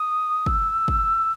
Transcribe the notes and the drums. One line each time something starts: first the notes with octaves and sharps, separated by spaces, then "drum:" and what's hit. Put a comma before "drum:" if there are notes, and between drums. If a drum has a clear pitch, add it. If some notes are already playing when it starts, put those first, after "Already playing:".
Already playing: D#6
E6, drum: kick
drum: kick